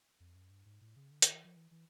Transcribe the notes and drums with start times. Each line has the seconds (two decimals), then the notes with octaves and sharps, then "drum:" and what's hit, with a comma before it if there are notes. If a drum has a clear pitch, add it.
0.20 F2
0.35 F#2
0.50 G2
0.65 G#2
0.81 A2
0.96 C#3
1.11 D3
1.22 D#3, drum: hi-hat
1.33 E3
1.45 F3
1.57 E3
1.71 E3